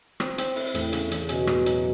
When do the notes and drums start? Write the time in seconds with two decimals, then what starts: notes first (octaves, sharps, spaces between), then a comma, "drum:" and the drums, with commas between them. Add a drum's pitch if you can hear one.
0.20 C4, drum: rim click
0.38 C4, drum: hi-hat
0.56 E4, drum: open hi-hat
0.74 E2 A2, drum: hi-hat
0.93 C#3, drum: hi-hat
1.11 E2, drum: hi-hat
1.29 B2 C#4, drum: hi-hat
1.47 A2, drum: rim click
1.66 F#3, drum: hi-hat